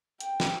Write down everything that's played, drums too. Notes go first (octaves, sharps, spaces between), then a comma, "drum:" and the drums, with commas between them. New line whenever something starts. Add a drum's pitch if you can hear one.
G5, drum: hi-hat
drum: snare